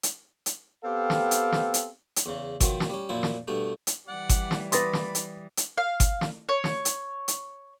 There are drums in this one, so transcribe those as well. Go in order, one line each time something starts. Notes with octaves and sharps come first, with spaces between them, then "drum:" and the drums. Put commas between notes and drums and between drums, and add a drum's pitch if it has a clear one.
drum: hi-hat
drum: hi-hat
B3 C4 G4 A4 F5
drum: snare
drum: hi-hat
drum: snare
drum: hi-hat
drum: hi-hat
E2 C#3
B2 D#3 F3 F#3, drum: kick G1, hi-hat
drum: snare
G3 C#4
F#2 A#2 F3 E4
drum: snare
G2 B2 A3
drum: hi-hat
E3 G3 D5 F#5
drum: kick G1, hi-hat
drum: snare
B4 B5 C6 D6 D#6 A6 A#6, drum: hi-hat
drum: snare
drum: hi-hat
drum: hi-hat
F5
drum: kick G1, hi-hat
drum: snare
C#5
drum: snare
drum: hi-hat
drum: hi-hat